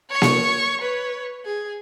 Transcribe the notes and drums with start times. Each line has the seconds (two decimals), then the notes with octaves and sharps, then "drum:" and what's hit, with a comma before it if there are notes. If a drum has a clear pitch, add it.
0.10 C#5 C#6
0.22 drum: snare A#3
0.81 B4 C#5
1.45 G#4